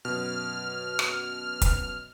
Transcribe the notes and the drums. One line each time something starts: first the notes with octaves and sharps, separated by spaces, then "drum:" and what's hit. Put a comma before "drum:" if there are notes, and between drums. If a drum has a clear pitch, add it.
F#2 B2 F6
drum: rim click
drum: kick, hi-hat